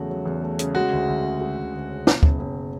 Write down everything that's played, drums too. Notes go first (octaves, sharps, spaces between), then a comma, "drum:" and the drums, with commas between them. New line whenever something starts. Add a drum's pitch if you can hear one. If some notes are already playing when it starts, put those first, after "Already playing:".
Already playing: E2 C#3 F#3 A3 F#4
F#3
E2
A3
C#3, drum: hi-hat
G#3 F#4
D2
D2
C#3
G#3
D2
D2
C#3
B2, drum: snare
F#1, drum: kick D2
F#1